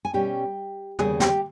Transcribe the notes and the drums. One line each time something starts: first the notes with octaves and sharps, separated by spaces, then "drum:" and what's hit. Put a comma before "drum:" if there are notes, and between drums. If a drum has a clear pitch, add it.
G#5
B2 G3 C#4 G4 G5
E2 C#3 G3 A#3 G#4 G#5, drum: tom
G4 G5, drum: snare